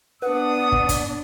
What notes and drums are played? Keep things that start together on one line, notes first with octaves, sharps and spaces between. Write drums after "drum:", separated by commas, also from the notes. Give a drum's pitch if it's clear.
B3 D4 B4 F#5 D#6
drum: kick
drum: kick, hi-hat